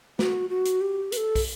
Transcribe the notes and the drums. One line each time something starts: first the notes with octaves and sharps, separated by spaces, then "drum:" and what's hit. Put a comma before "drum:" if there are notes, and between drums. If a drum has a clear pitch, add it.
F#4, drum: snare
F#4
drum: hi-hat
G4
B4, drum: hi-hat
A4
drum: kick, open hi-hat